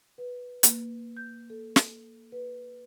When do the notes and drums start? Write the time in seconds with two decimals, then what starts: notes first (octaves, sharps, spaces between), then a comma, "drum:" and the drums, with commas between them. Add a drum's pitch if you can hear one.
0.18 B4
0.63 A#3, drum: hi-hat
1.17 G6
1.50 A4
1.76 drum: snare
2.32 B4